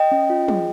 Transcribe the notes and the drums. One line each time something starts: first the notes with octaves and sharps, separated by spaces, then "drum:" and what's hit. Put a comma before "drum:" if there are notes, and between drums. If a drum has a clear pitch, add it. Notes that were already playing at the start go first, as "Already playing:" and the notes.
Already playing: D#5 G5
C#4
F4
G#4, drum: tom